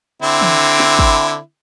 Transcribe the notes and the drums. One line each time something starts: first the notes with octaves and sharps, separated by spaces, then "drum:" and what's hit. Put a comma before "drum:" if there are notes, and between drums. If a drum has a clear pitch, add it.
D3 C4 E4
drum: tom D#3
drum: snare
drum: kick